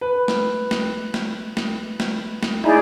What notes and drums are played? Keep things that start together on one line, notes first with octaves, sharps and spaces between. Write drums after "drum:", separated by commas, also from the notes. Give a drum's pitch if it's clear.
B4
drum: snare
drum: snare
drum: snare
drum: snare
drum: snare
drum: snare
D#4 E4 G#4 D5